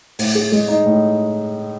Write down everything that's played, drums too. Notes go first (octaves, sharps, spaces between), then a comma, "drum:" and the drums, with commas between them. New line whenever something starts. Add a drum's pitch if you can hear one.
A2, drum: open hi-hat
G#4
G#3
D#4
A2